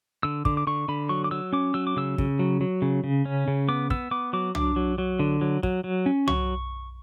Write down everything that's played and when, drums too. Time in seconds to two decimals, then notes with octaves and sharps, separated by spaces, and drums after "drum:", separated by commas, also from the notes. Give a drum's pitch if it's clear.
0.23 D3 E6
0.45 D3 D6, drum: kick
0.57 D6
0.67 D3 C#6
0.88 D3 B5
1.09 F#3 C#6
1.24 D6
1.31 F#3 E6
1.53 C#4 D6
1.74 F#3 E6
1.87 D6
1.97 C#3 E6
2.18 C#3, drum: kick
2.39 F#3
2.61 F#3
2.82 C#3
3.04 C#3
3.25 C#4
3.48 C#3
3.69 B3 D6
3.90 B3 E6, drum: kick
4.11 B3 D6
4.33 F#3 D6
4.55 D4 D6, drum: tom
4.76 F#3
4.98 F#3
5.19 D3
5.41 F#3
5.63 F#3, drum: kick
5.84 F#3
6.06 C#4
6.27 F#3 C#6, drum: tom